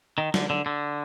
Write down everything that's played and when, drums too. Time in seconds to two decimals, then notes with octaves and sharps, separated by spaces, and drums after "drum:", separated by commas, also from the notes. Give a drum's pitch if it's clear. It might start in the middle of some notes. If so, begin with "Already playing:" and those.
0.18 D#3
0.34 D3, drum: snare
0.50 D3
0.66 D3